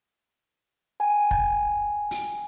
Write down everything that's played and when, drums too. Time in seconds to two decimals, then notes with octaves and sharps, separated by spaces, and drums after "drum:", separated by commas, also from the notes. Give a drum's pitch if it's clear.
1.00 G5 G#5
1.31 drum: kick
2.11 drum: open hi-hat